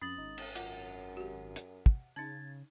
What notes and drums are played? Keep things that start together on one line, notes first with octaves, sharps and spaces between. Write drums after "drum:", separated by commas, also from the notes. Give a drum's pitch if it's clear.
F2 C#4 D#6 A6 F#7
G#1 D#4
drum: cymbal
F#2 F4 F#5, drum: hi-hat
F#4 G4
drum: hi-hat
drum: kick
C#3 D#4 A5 G#6 A6